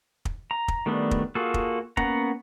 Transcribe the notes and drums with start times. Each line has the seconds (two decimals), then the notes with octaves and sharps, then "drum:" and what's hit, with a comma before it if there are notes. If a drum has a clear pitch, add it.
0.25 drum: kick
0.51 A#5
0.68 drum: kick
0.86 D#3 G3 A3 B3 D4
1.11 drum: kick
1.35 A#3 F4 F#4 G#4 A4
1.54 drum: kick
1.97 A#3 B3 C#4 F#5 A#5, drum: kick